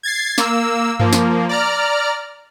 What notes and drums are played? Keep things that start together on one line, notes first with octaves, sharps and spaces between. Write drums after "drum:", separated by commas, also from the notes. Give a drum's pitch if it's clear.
G#6 A6 C7
A#3 E6, drum: snare
F3 A#3, drum: tom G2
drum: snare
D5 A#5 F6